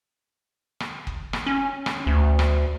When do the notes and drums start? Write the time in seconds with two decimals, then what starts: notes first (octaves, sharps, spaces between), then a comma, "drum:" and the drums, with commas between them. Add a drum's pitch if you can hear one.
0.80 drum: rim click
1.07 drum: kick F#1
1.33 drum: rim click
1.46 C#4
1.86 drum: rim click
2.07 D2
2.39 drum: rim click